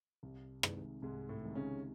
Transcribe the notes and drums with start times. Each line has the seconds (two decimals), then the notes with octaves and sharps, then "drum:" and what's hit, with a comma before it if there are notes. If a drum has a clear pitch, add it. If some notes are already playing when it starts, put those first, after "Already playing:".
0.23 C2
0.63 C3 D#3 G#3, drum: rim click
1.02 C2 G#2 G#3
1.29 A2 A3
1.43 C3 D#3 G#3
1.55 C#3 C#4